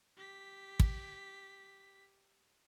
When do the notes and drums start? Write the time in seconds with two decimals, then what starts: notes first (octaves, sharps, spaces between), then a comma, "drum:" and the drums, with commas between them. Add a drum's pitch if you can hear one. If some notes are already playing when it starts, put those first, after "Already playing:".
0.17 G4 B6
0.80 drum: kick